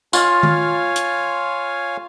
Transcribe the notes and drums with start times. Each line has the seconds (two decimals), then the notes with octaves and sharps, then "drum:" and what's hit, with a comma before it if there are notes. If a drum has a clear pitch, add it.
0.13 F4 C#5 F5 G#5, drum: tambourine
0.43 drum: tom D#3
0.96 drum: hi-hat